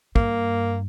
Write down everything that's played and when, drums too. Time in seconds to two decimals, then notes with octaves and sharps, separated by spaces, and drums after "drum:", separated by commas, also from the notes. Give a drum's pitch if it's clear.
0.16 G2 A#3, drum: kick